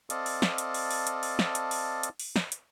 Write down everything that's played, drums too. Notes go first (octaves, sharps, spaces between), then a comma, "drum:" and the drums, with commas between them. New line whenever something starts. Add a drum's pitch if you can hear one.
C4 A4 D5 D#5 F5 A5, drum: hi-hat
drum: open hi-hat
drum: snare
drum: hi-hat
drum: open hi-hat
drum: open hi-hat
drum: hi-hat
drum: open hi-hat
drum: snare
drum: hi-hat
drum: open hi-hat
drum: hi-hat
drum: open hi-hat
drum: snare
drum: hi-hat